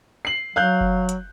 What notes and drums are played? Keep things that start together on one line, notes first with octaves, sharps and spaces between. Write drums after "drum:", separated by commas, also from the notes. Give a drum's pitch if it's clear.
C7 F#7
F#3 F5 F#6 G6
drum: kick F#1
drum: hi-hat